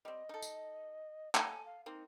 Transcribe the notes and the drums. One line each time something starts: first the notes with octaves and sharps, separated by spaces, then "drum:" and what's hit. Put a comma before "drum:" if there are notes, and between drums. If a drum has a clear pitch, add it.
G3 C4 D#5
D#4 A4
drum: tambourine
A4 G#5, drum: clap
F5
A#3 C4 D#4